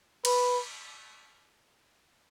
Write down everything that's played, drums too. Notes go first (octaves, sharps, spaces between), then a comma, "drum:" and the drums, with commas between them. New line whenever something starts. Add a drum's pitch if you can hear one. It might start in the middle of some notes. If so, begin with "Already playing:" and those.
B4, drum: cymbal